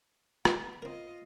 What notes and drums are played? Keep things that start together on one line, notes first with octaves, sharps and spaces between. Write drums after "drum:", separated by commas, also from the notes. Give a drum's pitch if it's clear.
G3 B3, drum: rim click
C4 F4 A#4 D#5